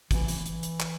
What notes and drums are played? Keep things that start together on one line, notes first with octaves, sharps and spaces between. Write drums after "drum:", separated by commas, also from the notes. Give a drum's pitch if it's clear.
E3, drum: kick, hi-hat
drum: hi-hat
drum: hi-hat
drum: hi-hat
drum: clap